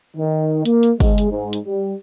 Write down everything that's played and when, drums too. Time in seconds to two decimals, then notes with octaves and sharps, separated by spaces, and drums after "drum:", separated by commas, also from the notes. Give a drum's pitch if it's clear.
0.17 D#3
0.65 A#3, drum: hi-hat
0.83 drum: hi-hat
1.00 G#3, drum: kick G1, open hi-hat
1.18 drum: hi-hat
1.31 G#2
1.53 drum: hi-hat
1.65 G3